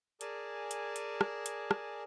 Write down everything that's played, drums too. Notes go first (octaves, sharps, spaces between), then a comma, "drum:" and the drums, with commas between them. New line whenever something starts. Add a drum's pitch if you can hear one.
G#4 A#4 D5 G#5 A5, drum: hi-hat
drum: hi-hat
drum: hi-hat
drum: rim click
drum: hi-hat
drum: rim click